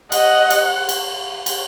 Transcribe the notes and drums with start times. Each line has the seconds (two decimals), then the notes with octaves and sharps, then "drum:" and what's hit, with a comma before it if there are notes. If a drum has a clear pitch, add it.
0.12 D#5 F#5, drum: cymbal
0.50 drum: cymbal
0.89 drum: cymbal
1.46 drum: cymbal